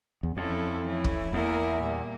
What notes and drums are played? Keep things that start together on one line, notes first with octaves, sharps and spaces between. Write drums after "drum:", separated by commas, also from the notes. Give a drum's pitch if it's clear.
E2
F2 F3 C#4 E4 A4
E3 A3 C#4 E4
drum: kick
E2 A#3 E4 A#4 E5
A#2 G3 A#3